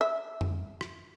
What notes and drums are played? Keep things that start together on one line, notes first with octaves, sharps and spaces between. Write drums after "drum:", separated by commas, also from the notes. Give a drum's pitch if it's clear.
E5
drum: tom F2
drum: rim click